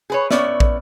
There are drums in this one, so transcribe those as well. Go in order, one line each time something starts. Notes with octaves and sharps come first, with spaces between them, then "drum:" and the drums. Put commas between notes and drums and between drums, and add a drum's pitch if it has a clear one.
G#4 B4 C#5
A2 B3 C#4 D5 E5, drum: snare
drum: kick